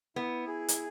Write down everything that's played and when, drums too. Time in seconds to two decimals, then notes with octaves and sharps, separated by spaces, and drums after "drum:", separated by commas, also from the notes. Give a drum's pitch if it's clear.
0.16 B3 E4
0.47 G#4
0.68 drum: hi-hat